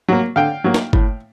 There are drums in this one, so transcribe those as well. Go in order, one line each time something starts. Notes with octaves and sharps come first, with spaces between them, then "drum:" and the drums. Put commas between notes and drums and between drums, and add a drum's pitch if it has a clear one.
F#3 A#3
D3 F5 G5
F#3 A#3
drum: snare
A2, drum: kick G1